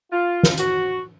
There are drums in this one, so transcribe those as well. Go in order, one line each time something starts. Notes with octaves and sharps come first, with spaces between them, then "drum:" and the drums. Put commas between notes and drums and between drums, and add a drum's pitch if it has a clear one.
F4
drum: snare
F#4, drum: hi-hat